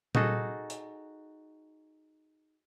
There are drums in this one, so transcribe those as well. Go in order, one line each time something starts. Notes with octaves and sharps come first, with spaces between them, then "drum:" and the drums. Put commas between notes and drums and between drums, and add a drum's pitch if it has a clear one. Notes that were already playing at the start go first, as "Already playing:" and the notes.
D#4 F#4 G#4 A4, drum: tom A#2
drum: hi-hat